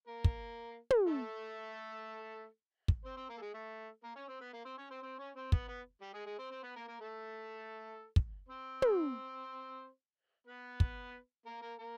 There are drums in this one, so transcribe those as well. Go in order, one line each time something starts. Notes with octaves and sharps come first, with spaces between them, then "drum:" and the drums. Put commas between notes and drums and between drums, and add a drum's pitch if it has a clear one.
A#3 A#4
drum: kick
drum: tom
A3 A4
drum: kick
C4 C5
C4 C5
A#3 A#4
A4
G#3 G#4
A3 A4
A#3 A#4
C#4 C#5
C4 C5
B3 B4
A#3 A#4
C4 C5
C#4 C#5
C4 C5
C4 C5
C#4 C#5
C4 C5
B3 B4, drum: kick
B3 B4
G3 G4
G#3 G#4
G#3 G#4
C4 C5
C4 C5
B3 B4
A#3 A#4
A#3 A#4
A3 A4
drum: kick
C4 C5
drum: tom
B3 B4
drum: kick
A#3 A#4
A#3 A#4
A#3 A#4